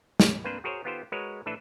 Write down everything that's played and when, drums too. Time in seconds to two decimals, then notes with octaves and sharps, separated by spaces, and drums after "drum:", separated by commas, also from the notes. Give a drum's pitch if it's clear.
0.20 C#4, drum: snare
0.44 A#3 C4 D4 B4 C5
0.64 F#4 G#4 A#4 C5 C#5
0.84 D#3 B3 F4 G4 A4 C5
1.12 G#3 F#4 A#4 B4 C#5
1.46 A2 E3 D4 A4 B4 E5